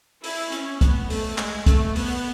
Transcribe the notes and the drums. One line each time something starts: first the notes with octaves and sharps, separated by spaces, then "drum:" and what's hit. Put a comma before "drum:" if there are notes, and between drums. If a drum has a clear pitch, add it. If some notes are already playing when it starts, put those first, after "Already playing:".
E4, drum: open hi-hat
C#4, drum: hi-hat
B3, drum: kick, hi-hat
A3, drum: open hi-hat
G#3, drum: clap
A3, drum: kick, hi-hat
B3, drum: open hi-hat